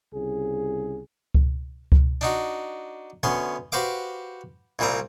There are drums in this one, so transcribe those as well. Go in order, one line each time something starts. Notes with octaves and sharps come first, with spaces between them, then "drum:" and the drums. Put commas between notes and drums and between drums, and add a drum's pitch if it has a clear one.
C2 C#3 G#4
drum: kick C#2
drum: kick C#2
D4 D#4 F#4
D2 B3 C#4 C6
F#4 G4 B4 C5 F5 D6
C2 A#2 G3 C4 A#5